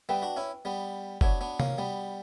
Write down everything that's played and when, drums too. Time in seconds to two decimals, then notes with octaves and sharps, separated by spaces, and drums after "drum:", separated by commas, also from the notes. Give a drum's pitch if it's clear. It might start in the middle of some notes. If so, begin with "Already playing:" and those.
0.09 G3 B3 B4 E5 G5
0.22 D4 F#4
0.36 C#4 E4
0.65 G3 B3
1.21 B3 D4 F#4 C#5 E5, drum: kick
1.41 B3 D4
1.60 A#3 C#4, drum: tom C3
1.78 G3 B3